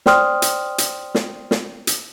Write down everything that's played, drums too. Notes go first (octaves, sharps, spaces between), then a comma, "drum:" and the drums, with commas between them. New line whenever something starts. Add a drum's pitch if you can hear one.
C5 D5 G5 C6 D#6 F6, drum: snare
drum: hi-hat
drum: hi-hat
drum: snare
drum: snare
drum: hi-hat